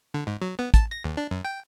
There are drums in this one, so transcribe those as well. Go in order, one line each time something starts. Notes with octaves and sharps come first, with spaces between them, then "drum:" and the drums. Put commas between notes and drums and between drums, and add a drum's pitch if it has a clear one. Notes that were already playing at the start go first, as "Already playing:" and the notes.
D3
G#2
F#3
B3
A5, drum: kick, hi-hat
A#6
D#2
D4
F#2
G5